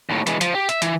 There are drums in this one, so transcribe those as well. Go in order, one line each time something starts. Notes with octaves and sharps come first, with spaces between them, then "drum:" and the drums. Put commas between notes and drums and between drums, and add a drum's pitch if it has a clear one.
D#2 A2
E3 G#3, drum: hi-hat
F3, drum: hi-hat
G4
E5, drum: hi-hat
E3, drum: hi-hat